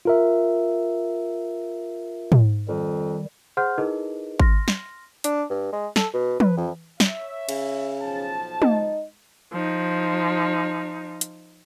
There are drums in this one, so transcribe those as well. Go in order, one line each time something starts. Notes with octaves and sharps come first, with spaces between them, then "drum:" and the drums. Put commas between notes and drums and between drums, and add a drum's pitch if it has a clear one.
F4 A#4 E5
drum: tom
F2 D#3 G3
G#4 C5 F#5 C6 F6 G6
D#4 E4 G#4 A#4 B4 D#5
C6 F6 A#6, drum: kick G#1
drum: snare
D4, drum: hi-hat
G2
G#3
A4, drum: snare
B2
B4, drum: tom
F2
C#5 E5, drum: snare
C#3, drum: cymbal
B1 F3 A5
D#4, drum: tom
F3 D#4
drum: hi-hat